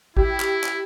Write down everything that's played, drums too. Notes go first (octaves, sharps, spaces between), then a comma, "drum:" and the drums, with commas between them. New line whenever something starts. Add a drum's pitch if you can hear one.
E4 G4, drum: kick
drum: clap
drum: clap